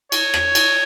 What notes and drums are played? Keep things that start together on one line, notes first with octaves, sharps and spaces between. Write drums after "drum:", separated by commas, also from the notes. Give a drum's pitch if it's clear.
C#5, drum: cymbal
drum: rim click
drum: cymbal